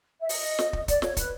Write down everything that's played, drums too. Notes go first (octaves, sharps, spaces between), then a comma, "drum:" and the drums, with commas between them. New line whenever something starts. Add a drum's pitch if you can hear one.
E5
D#5, drum: open hi-hat
drum: snare
drum: kick
D5, drum: kick, hi-hat
C#5, drum: snare
B4, drum: kick, hi-hat